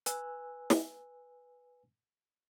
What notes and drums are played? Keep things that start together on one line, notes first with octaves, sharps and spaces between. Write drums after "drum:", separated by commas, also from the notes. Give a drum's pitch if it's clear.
B4 G#5 E6 F#6, drum: hi-hat
drum: snare